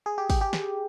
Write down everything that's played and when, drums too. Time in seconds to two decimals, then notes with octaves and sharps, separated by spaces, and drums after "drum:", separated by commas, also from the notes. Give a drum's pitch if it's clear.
0.06 G#4
0.18 G4
0.30 G4, drum: kick, open hi-hat
0.41 G4
0.53 drum: snare